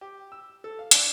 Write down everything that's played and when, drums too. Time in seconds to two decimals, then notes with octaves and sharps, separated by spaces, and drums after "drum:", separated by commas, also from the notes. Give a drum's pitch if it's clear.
0.01 G4
0.32 E6
0.64 A4
0.79 F5
0.91 D4, drum: hi-hat